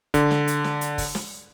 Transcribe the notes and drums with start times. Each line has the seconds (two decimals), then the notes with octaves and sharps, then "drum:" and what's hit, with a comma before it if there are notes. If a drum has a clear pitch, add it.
0.14 D3, drum: kick, hi-hat
0.31 drum: snare
0.48 drum: hi-hat
0.64 drum: snare
0.81 drum: hi-hat
0.98 drum: kick, open hi-hat
1.15 drum: snare